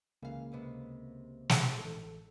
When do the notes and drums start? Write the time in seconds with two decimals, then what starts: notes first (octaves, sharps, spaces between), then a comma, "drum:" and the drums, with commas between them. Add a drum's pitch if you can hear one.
0.23 C#2 C#3 E3 A#3 F5
0.52 D#2 C3 B3
1.49 drum: snare
1.78 A1 A4